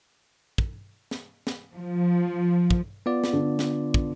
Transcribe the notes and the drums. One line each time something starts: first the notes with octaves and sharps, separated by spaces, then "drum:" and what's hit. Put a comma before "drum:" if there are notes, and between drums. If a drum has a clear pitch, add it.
drum: kick
drum: snare
drum: snare
F3
drum: kick
B3 F4 D5
drum: snare
D3
drum: snare
drum: kick